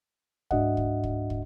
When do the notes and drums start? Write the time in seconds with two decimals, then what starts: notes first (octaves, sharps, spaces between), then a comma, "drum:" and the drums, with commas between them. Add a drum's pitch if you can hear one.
0.51 G#2 D4 F#4 D#5 E5 F#5, drum: kick
0.77 drum: kick
1.04 drum: kick
1.30 drum: kick